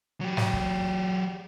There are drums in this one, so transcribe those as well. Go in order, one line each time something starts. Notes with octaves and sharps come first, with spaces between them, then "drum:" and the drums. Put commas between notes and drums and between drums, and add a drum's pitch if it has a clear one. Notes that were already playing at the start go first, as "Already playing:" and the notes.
F#3 G4
drum: snare
drum: kick